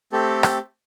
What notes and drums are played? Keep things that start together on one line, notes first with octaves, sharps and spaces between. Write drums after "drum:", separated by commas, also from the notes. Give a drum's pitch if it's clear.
A3 C4 G4 A4
drum: rim click